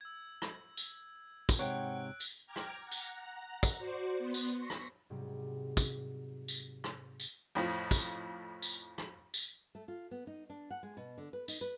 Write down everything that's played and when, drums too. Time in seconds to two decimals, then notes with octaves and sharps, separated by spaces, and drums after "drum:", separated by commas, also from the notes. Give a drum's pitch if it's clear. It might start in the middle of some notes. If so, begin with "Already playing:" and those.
0.01 E6 G#6
0.42 drum: rim click
0.77 drum: tambourine
1.49 drum: kick, tambourine
1.59 G#2 C3 C#5 F#5 G5 F#6 D7
2.20 drum: tambourine
2.46 G5 A#5 D6 F6 G#6
2.56 drum: rim click
2.82 F#5 A#5
2.92 drum: tambourine
3.63 drum: kick, tambourine
3.78 F#4 C5 D5
4.18 B3 C6
4.34 drum: tambourine
4.54 C6 C#6 A#6 B6
4.70 drum: rim click
5.10 G#2 C3 F#3 G3
5.77 drum: kick, tambourine
6.48 drum: tambourine
6.84 drum: rim click
7.20 drum: tambourine
7.55 F2 A2 F3
7.91 drum: kick, tambourine
8.62 drum: tambourine
8.98 drum: rim click
9.34 drum: tambourine
9.75 A3
9.88 F4
10.11 B3
10.27 D#4
10.50 D4
10.71 F#5
10.83 G#3
10.97 B2
11.18 D3
11.33 B4
11.48 D#4, drum: tambourine
11.61 B4